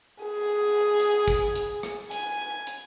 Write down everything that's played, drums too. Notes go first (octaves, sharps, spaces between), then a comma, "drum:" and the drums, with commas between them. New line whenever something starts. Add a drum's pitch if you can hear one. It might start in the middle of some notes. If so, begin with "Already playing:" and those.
G#4
drum: hi-hat
drum: kick
drum: hi-hat
drum: rim click
G#5, drum: hi-hat
drum: hi-hat